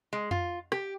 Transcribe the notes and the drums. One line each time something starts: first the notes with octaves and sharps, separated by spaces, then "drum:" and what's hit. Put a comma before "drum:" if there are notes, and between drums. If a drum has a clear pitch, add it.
G#3
F4, drum: tom F2
G4, drum: rim click